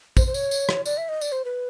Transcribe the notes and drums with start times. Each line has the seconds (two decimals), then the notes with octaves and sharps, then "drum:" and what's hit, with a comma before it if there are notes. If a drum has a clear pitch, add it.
0.17 C5, drum: kick, tambourine
0.27 C5
0.34 C#5, drum: tambourine
0.51 drum: tambourine
0.69 drum: rim click
0.86 D5, drum: tambourine
0.97 E5
1.09 D#5
1.21 D5, drum: tambourine
1.32 C5
1.45 B4